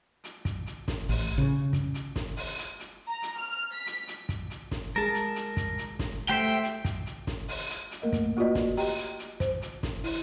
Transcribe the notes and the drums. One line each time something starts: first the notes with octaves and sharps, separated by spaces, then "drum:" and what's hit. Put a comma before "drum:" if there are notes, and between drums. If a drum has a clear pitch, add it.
drum: hi-hat
drum: kick, hi-hat
drum: hi-hat
drum: snare
A1, drum: open hi-hat
C#3
drum: kick, hi-hat
drum: hi-hat
drum: snare
drum: open hi-hat
drum: hi-hat
drum: hi-hat
A#5
drum: hi-hat
F6
B6
drum: hi-hat
drum: hi-hat
drum: kick, hi-hat
drum: hi-hat
drum: snare
G#3 G#4 A#4 A5
drum: hi-hat
drum: hi-hat
drum: kick, hi-hat
drum: hi-hat
drum: snare
A3 G4 C5 E5 G5
drum: hi-hat
drum: kick, hi-hat
drum: hi-hat
drum: snare
drum: open hi-hat
drum: hi-hat
drum: hi-hat
A3 A#3 A#4 D#5
drum: kick, hi-hat
A#3 F4 F#4 B4 D5 D#5
drum: snare
G4 D#5 G5 A#5, drum: open hi-hat
drum: hi-hat
drum: hi-hat
C5, drum: kick, hi-hat
drum: hi-hat
drum: snare
E4, drum: open hi-hat